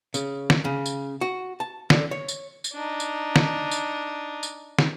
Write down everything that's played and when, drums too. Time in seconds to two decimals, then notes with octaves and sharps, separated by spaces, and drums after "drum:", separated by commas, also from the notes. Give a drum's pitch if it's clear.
0.14 C#3, drum: tambourine
0.50 drum: snare
0.65 C#3
0.86 drum: tambourine
1.21 F#4
1.60 A5
1.90 D3, drum: snare
2.11 C#5
2.28 drum: tambourine
2.64 drum: tambourine
2.73 D4 D#4
3.00 drum: tambourine
3.36 drum: snare
3.71 drum: tambourine
4.43 drum: tambourine
4.79 drum: snare